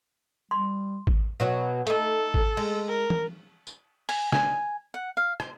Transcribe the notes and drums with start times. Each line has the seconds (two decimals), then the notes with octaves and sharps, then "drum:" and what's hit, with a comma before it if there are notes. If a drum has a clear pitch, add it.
0.51 G3 C6
1.07 drum: kick G#1
1.40 B2 F#3 F#4
1.87 A3 D#4 A4, drum: hi-hat
2.34 drum: kick G#1
2.57 G#3, drum: cymbal
2.88 A#4
3.10 drum: tom
3.67 drum: tambourine
4.09 G#5, drum: open hi-hat
4.32 G#5, drum: snare
4.94 F#5
5.17 F5
5.40 C5, drum: rim click